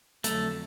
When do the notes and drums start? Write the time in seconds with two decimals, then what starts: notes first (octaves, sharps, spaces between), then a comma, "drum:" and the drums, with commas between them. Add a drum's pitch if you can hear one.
0.24 F2 D3 F#3 A3, drum: hi-hat